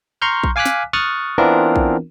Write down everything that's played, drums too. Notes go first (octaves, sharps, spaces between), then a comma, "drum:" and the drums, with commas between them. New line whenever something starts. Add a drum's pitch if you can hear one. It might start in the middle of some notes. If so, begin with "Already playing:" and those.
A#5 C6 C#6 F6 G6
drum: kick A#1
F5 G#5 D6 F6 F#6 B6
drum: snare
C#6 D#6 F6 F#6 A6
E3 B3 C4 D4 F4 A#4
drum: kick A#1